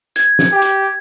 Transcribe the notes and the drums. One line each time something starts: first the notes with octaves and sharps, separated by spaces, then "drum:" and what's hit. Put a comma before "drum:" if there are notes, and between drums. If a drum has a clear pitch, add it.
G#6, drum: hi-hat
drum: snare
G4
drum: hi-hat